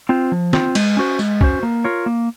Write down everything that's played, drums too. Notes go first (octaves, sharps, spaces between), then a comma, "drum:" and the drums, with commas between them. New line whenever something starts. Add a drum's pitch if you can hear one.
C4 F4 C5
F3
C4 F4 C5, drum: snare
G#3, drum: cymbal
C#4 F#4 C5
G#3, drum: tambourine
C#4 F#4 C5, drum: kick
A#3
F4 A#4 C#5
A#3